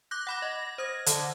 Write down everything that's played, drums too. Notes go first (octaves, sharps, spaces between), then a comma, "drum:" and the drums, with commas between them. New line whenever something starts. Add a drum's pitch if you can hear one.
D6 F#6 G6 A#6
F#5 B5 D6 A#6
D#5
C5 D#6 G#6
D3, drum: hi-hat